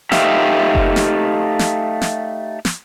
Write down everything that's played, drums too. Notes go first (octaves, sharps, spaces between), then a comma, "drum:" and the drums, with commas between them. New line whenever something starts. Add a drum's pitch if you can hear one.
A3 D#4 G4 E5 F5, drum: snare
drum: kick F#1
drum: snare
drum: snare
drum: snare
drum: snare